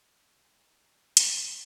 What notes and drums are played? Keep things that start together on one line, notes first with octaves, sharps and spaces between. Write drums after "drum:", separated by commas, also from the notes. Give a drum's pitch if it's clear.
D#2 A2 C#5 D5
G3 C4 C#4 D#4
drum: hi-hat